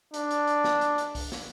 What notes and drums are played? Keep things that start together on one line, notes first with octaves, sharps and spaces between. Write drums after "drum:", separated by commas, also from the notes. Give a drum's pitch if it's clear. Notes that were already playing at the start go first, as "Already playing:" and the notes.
D4, drum: hi-hat
drum: hi-hat
drum: hi-hat
drum: snare
drum: hi-hat
drum: hi-hat
drum: kick, open hi-hat
drum: snare